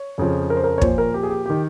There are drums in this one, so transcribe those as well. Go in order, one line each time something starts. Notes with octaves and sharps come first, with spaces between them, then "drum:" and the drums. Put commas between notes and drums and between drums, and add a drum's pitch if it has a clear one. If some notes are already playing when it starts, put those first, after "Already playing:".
Already playing: C#5
F2 C#3 F3
A#4
C5
A#4
C#5
A#2 F3 C5, drum: kick
A#4
G4
G#4
G4
D#3 G4